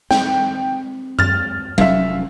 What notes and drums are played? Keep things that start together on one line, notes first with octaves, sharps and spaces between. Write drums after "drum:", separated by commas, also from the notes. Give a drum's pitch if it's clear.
C4 G5, drum: snare
F6 A6, drum: tom F#2
F1 F#3 C#4 E5 F5, drum: tom F#3